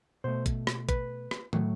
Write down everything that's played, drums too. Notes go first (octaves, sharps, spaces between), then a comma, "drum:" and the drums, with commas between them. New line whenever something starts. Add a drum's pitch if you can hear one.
B2 A3 C5
drum: kick A1, hi-hat
drum: rim click
B4, drum: kick A1, hi-hat
drum: rim click
A2 F#3 A3, drum: tom